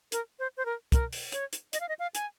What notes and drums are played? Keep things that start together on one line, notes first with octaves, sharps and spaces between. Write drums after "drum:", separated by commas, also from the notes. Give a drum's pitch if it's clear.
A#4, drum: hi-hat
C5
C5
A#4
A#4, drum: kick, hi-hat
drum: open hi-hat
C#5, drum: hi-hat
drum: hi-hat
D#5, drum: hi-hat
F5
D#5
F5
G#5, drum: hi-hat